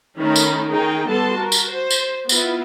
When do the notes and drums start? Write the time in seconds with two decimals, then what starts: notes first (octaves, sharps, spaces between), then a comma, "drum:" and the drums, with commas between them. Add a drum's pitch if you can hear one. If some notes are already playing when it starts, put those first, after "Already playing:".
0.18 D#3 A3 C#4 D#4 A#4 B5
0.36 drum: tambourine
0.70 D#3 D#4 G#4 G5 A#5
1.08 G3 B3 A4 A5 C6
1.37 F#4 A#4
1.52 drum: tambourine
1.73 C5
1.91 drum: tambourine
2.29 B3 E4 F4, drum: tambourine